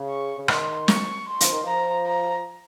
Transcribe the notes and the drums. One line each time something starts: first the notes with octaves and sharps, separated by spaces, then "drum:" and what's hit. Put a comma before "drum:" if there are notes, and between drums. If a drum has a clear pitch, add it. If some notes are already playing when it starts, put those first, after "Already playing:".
Already playing: C#3
C#6
C#3
D#3 C6, drum: rim click
C#6, drum: snare
C6
F3, drum: hi-hat
D#3
F3 A#5
A#5